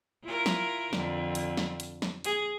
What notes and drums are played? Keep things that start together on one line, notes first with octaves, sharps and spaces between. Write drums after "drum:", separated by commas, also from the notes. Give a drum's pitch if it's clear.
E4 F4 A#4
drum: snare
F2 D3, drum: snare
drum: hi-hat
drum: snare
drum: hi-hat
drum: snare
G#4, drum: hi-hat